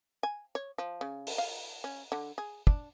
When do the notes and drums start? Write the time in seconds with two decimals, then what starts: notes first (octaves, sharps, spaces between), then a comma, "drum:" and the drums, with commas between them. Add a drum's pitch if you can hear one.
0.23 G#5
0.55 C#5
0.78 F3
1.01 C#3
1.27 drum: open hi-hat
1.38 F5
1.84 C#4
2.12 D3
2.38 G#4
2.67 D4, drum: kick